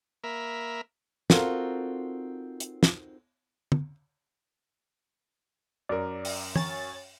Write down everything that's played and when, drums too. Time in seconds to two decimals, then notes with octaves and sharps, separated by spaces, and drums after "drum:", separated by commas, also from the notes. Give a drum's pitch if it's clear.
0.24 A#3 A#4 E5 B5
1.30 C4 D#4 F4 F#4 A4 A#4, drum: snare
2.60 drum: hi-hat
2.83 drum: snare
3.72 drum: tom
5.89 F#2 A#4 D5
6.25 drum: open hi-hat
6.56 C#5 G#5 A6, drum: tom E3